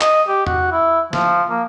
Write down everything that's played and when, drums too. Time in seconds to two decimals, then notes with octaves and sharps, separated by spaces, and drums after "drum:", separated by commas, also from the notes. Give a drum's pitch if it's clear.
0.01 D#5, drum: clap
0.28 G4
0.47 F#4, drum: tom E2
0.72 E4
1.13 F3, drum: snare
1.50 A#3